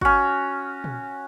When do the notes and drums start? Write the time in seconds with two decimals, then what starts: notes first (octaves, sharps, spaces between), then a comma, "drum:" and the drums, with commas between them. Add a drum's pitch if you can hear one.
0.01 C#4 F#4, drum: kick G1
0.84 drum: tom A#2